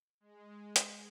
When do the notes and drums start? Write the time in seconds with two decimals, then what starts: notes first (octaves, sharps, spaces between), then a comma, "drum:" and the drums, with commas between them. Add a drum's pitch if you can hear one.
0.20 G#3
0.76 drum: hi-hat